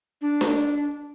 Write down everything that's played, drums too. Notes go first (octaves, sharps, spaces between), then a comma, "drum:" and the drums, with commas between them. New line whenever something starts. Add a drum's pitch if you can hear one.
D4
drum: snare D4